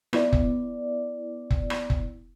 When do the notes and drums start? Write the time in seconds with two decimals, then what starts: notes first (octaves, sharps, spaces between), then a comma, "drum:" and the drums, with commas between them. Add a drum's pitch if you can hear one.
0.13 B3 E4 D5, drum: rim click
0.33 drum: kick
1.50 drum: kick
1.70 drum: rim click
1.90 drum: kick